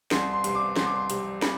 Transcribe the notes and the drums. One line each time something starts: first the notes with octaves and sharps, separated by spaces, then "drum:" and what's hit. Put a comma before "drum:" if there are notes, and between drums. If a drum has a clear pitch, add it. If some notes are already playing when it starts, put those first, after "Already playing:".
C2 C6, drum: snare
C6
C3 G3 C6, drum: hi-hat
D6
C2 C6, drum: snare
D6
C6
C3 G3, drum: hi-hat
B5, drum: snare